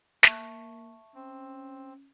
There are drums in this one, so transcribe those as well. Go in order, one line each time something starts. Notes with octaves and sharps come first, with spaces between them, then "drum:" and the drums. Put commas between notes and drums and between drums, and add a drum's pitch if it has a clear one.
A#3 E5 A5 C#6, drum: snare
C4 C#4